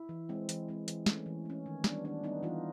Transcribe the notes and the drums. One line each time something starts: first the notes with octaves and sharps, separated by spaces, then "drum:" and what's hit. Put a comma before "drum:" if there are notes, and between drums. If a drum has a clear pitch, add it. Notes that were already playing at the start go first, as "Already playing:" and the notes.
Already playing: E4
E3
G#3 C4
E3, drum: hi-hat
G#3 C4
E3, drum: hi-hat
A3 C#4, drum: snare
E3
A3 C#4
D#3
G3 B3 D4, drum: snare
D#3 D4
G3 B3 D4 D#4
E3 D#4 F4